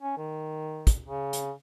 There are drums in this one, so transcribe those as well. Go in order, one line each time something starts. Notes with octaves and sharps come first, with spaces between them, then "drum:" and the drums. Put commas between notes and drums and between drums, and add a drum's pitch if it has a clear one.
C#4
D#3
drum: kick, hi-hat
C#3
drum: hi-hat